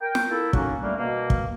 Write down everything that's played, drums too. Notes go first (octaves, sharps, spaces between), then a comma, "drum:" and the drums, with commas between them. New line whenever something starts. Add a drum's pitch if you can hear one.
A#4 G5
drum: snare
A#3 E4 A4
F#3 A#3 C#4 D#4 F#4, drum: kick
D3 G3 A3 A#3
B2 A#3
drum: kick